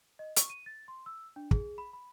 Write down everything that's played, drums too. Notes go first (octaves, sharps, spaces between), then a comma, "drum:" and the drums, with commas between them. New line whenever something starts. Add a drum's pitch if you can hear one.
D#5
C#6, drum: hi-hat
D#7
A6
C6
E6
D4
G#4, drum: kick
B5
B5